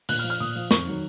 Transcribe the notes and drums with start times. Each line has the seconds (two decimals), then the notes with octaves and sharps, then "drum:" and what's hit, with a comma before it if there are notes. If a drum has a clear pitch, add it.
0.09 A#2 F#6, drum: open hi-hat
0.19 F6
0.24 F3
0.30 F6
0.40 A#2 D#6
0.56 F3
0.71 F2 C#6, drum: snare
0.87 D#3 F#3